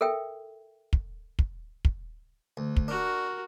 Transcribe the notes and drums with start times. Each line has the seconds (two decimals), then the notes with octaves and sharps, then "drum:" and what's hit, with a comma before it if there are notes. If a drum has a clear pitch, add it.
0.01 A4 A#4 E5 G5
0.93 drum: kick
1.39 drum: kick
1.85 drum: kick
2.57 D2
2.77 drum: kick
2.88 D4 F#4 A#4